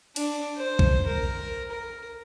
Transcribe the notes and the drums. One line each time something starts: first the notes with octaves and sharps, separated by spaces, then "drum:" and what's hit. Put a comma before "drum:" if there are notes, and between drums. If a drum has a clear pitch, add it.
D4, drum: cymbal
C5
drum: kick B1
A#4
A#4